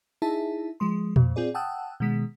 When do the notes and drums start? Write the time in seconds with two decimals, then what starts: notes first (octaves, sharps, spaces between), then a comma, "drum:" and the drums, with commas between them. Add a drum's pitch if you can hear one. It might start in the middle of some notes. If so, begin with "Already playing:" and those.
0.22 D#4 E4 G#4 E5 A5
0.80 F3 G#3 C6
1.16 F2 A#2, drum: tom A#2
1.36 C4 F4 G#4 D5
1.54 F#5 G5 A5 D#6 E6 F#6
2.00 B2 D#3 G#3 B6